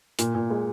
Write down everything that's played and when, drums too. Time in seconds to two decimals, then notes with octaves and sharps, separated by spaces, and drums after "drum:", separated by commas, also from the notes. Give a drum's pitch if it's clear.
0.19 A#2, drum: hi-hat
0.35 A#2
0.50 G#3